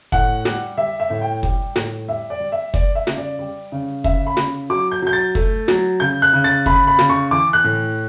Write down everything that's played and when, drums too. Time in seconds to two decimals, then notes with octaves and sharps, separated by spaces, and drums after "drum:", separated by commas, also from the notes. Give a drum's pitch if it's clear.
0.12 A2 F#5, drum: kick
0.45 G3, drum: snare
0.78 G3 E5
1.00 E5
1.10 A2
1.22 G5
1.43 G3, drum: kick
1.76 A2, drum: snare
2.08 G3 E5
2.30 D5
2.41 G3
2.52 E5
2.74 G3 D5, drum: kick
2.95 E5
3.07 C#3, drum: snare
3.18 D5
3.39 G3
3.72 C#3
4.04 C#3 E5, drum: kick
4.27 B5
4.37 C#3, drum: snare
4.70 F#3 D6
4.91 G6
5.02 F#3 G6
5.13 A6
5.35 A3, drum: kick
5.68 F#3, drum: snare
6.00 C#3 G6
6.22 F#6
6.33 C#3
6.44 A6
6.66 C#3 B5, drum: kick
6.87 B5
6.99 C#3, drum: snare
7.09 C#6
7.31 E3 D6
7.53 F#6
7.64 A2